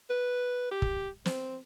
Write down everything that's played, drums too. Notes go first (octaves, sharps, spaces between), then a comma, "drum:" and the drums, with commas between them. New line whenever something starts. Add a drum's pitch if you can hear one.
B4
G4
drum: kick
C4, drum: snare